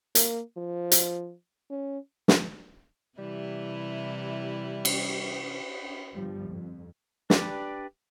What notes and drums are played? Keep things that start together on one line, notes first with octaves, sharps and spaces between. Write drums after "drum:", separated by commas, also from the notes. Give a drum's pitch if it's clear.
A#3, drum: hi-hat
F3
drum: hi-hat
C#4
drum: snare
C3 E3 G3 E4
drum: cymbal
G1 G2 F3 G3
F2
D4 G4 B4 D5, drum: snare